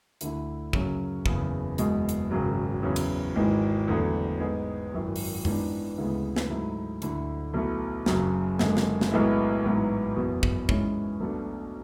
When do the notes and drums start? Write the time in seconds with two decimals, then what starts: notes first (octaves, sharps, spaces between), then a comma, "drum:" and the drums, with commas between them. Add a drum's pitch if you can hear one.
0.21 D2 D3 A3 E4, drum: hi-hat
0.73 F#2 C#3 F#3 C#4, drum: kick
1.26 F#1 E2 C#3, drum: kick
1.78 F#1 E2 B2 G#3, drum: hi-hat
2.09 drum: hi-hat
2.31 G#1 F#2 C#3 F#3
2.83 E2 C#3 F#3 C#4
2.96 drum: cymbal
3.35 G#1 G#2 E3 G#3
3.88 E2 D3 F#3 A3
4.40 G#2 G#3 B3
4.92 G#1 F#2 E3
5.16 drum: open hi-hat
5.45 G#2 E3 B3 D4, drum: tom F2
5.97 D2 C#3 E3 G#3 B3
6.36 drum: snare
6.49 G#2 F#3 A3 E4
7.02 D2 D3 A3 E4, drum: hi-hat
7.54 B1 B2 A3 E4
8.06 F#1 F#2 C#3 F#3, drum: snare
8.59 F#1 F#2 D3 G#3, drum: snare
8.77 drum: snare
9.01 drum: snare
9.11 B1 A2 G#3 B3 E4
9.64 A1 G#2 F#3 B3 E4
10.16 F#1 E2 B2
10.43 drum: kick
10.69 G#2 E3 G#3 C#4 E4, drum: kick
11.20 B1 B2 A3 D4